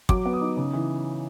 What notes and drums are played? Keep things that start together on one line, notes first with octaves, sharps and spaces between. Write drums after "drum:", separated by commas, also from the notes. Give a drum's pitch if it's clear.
F#3 D6, drum: kick
B3
D#6
D#4
C#3
E3